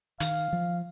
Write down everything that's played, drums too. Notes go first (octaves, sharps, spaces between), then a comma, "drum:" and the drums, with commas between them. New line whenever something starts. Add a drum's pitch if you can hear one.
D#3 F5, drum: hi-hat
F3